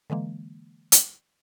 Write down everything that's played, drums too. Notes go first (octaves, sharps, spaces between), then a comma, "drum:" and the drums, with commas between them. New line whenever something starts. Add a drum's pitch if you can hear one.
D3 E3 G#3 A#3
drum: hi-hat